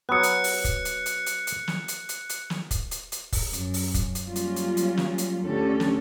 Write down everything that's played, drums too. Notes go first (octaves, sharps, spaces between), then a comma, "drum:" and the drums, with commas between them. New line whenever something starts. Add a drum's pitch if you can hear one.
F#3 B3 F#6 C#7
drum: hi-hat
drum: open hi-hat
drum: kick, hi-hat
drum: hi-hat
drum: hi-hat
drum: hi-hat
drum: hi-hat
drum: snare
drum: hi-hat
drum: hi-hat
drum: hi-hat
drum: snare
drum: kick, hi-hat
drum: hi-hat
drum: hi-hat
drum: kick, open hi-hat
F#2, drum: hi-hat
drum: open hi-hat
drum: kick, hi-hat
drum: hi-hat
F#3 G3 A#3 C#4 F4
drum: hi-hat
drum: hi-hat
drum: hi-hat
drum: snare
drum: hi-hat
D2 D3 C#4 G4 A4
drum: snare